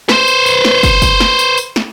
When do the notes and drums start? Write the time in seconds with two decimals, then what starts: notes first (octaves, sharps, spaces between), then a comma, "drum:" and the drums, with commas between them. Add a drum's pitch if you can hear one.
0.09 B4 C5, drum: snare
0.28 drum: tambourine
0.46 drum: tambourine
0.65 drum: snare
0.83 drum: kick, tambourine
1.02 drum: kick, tambourine
1.20 drum: snare
1.39 drum: tambourine
1.58 drum: tambourine
1.76 drum: snare